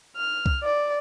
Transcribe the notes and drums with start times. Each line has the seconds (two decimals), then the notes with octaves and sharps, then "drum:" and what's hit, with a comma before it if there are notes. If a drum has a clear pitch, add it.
0.16 F6
0.46 drum: kick C2
0.63 D5